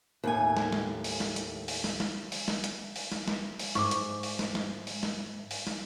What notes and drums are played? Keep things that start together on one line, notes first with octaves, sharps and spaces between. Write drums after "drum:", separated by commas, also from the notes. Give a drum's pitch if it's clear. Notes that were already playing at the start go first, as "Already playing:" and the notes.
D#2 A2 G#5
drum: snare
drum: snare
drum: open hi-hat
drum: snare
drum: hi-hat
drum: open hi-hat
drum: snare
drum: snare
drum: open hi-hat
drum: snare
drum: hi-hat
drum: open hi-hat
drum: snare
drum: snare
drum: open hi-hat
G#2 C#6 D6, drum: snare
drum: hi-hat
drum: open hi-hat
drum: snare
drum: snare
drum: open hi-hat
drum: snare
drum: open hi-hat
drum: snare